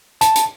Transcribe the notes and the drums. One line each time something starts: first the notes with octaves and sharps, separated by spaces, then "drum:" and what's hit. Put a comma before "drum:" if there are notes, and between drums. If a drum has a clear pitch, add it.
A5, drum: hi-hat
drum: hi-hat